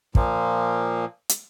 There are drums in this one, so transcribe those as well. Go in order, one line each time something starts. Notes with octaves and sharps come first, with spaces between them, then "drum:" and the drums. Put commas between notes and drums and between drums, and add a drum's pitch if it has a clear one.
A#2 F3 A#3, drum: kick
drum: hi-hat